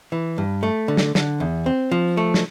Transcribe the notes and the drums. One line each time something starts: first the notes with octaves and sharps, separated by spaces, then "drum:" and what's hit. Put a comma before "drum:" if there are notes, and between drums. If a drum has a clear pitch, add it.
E3
G2
A3
D3
drum: snare
D3, drum: snare
E2
C4
F3
A3
drum: snare